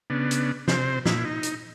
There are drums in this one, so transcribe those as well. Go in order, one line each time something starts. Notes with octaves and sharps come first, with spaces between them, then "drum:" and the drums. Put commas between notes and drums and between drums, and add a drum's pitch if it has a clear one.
C#3 B3 D4
drum: hi-hat
C3 C5, drum: snare
A#2 E4, drum: snare
D#4
drum: hi-hat